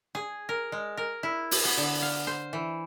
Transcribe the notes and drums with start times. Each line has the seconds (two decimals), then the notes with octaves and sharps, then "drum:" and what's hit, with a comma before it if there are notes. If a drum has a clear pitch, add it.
0.15 G#4
0.49 A#4
0.72 G#3
0.97 A#4
1.23 E4
1.51 drum: open hi-hat
1.65 B3
1.77 D3
2.02 F5
2.27 C5
2.53 E3